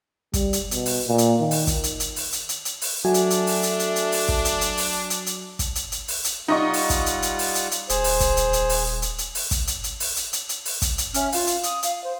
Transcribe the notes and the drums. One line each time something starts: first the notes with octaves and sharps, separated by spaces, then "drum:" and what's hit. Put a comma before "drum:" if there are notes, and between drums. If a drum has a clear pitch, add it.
G3, drum: kick, hi-hat
drum: hi-hat
B2, drum: hi-hat
drum: open hi-hat
A#2
drum: hi-hat
D#3
drum: open hi-hat
drum: kick, hi-hat
drum: hi-hat
drum: hi-hat
drum: open hi-hat
drum: hi-hat
drum: hi-hat
drum: hi-hat
drum: open hi-hat
F#3 A3 D4 F#4 G#5
drum: hi-hat
drum: hi-hat
drum: open hi-hat
drum: hi-hat
drum: hi-hat
drum: hi-hat
drum: open hi-hat
drum: kick
drum: hi-hat
drum: hi-hat
drum: open hi-hat
drum: hi-hat
drum: hi-hat
drum: kick, hi-hat
drum: hi-hat
drum: hi-hat
drum: open hi-hat
drum: hi-hat
G3 D#4 F4 D#5 F#5 C#6
drum: open hi-hat
drum: kick, hi-hat
drum: hi-hat
drum: hi-hat
drum: open hi-hat
drum: hi-hat
drum: hi-hat
D#1 G#4 C5, drum: hi-hat
drum: open hi-hat
drum: kick, hi-hat
drum: hi-hat
drum: hi-hat
drum: open hi-hat
drum: hi-hat
drum: hi-hat
drum: open hi-hat
drum: kick, hi-hat
drum: hi-hat
drum: hi-hat
drum: open hi-hat
drum: hi-hat
drum: hi-hat
drum: hi-hat
drum: open hi-hat
drum: kick, hi-hat
drum: hi-hat
C#4 E5 F6, drum: hi-hat
F4 F5, drum: open hi-hat
drum: hi-hat
D#6, drum: hi-hat
F5, drum: hi-hat
C5